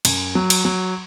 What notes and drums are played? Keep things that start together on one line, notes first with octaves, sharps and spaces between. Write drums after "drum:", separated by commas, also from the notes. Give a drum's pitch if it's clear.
F#2, drum: cymbal
F#3
drum: cymbal
F#3